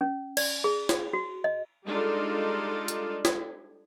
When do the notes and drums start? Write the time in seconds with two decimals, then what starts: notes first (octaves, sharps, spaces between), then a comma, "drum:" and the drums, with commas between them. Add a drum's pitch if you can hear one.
0.01 C#4
0.37 D5, drum: cymbal
0.64 G#4
0.89 drum: snare
1.13 F#4
1.44 D#5
1.85 G3 G#3 D4 D#4 F4 A4
2.88 drum: hi-hat
3.25 drum: snare